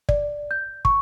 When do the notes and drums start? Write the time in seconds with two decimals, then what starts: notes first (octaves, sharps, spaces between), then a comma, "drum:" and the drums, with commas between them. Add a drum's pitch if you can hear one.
0.09 D5, drum: kick
0.51 G6
0.85 C#6, drum: kick